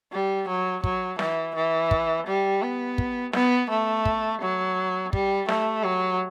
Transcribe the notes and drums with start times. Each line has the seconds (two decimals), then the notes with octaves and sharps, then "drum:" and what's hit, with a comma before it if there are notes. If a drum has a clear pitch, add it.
0.12 G3
0.48 F#3
0.84 F#3, drum: kick
1.19 E3, drum: snare
1.55 E3
1.91 drum: kick
2.27 G3
2.62 B3
2.98 drum: kick
3.33 B3, drum: snare
3.70 A3
4.05 drum: kick
4.41 F#3
5.13 G3, drum: kick
5.49 A3, drum: snare
5.84 F#3